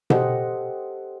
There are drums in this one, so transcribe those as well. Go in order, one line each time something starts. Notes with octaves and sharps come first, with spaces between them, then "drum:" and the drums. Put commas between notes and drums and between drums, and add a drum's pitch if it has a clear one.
G4 A4 C5 D#5 F#5, drum: tom B2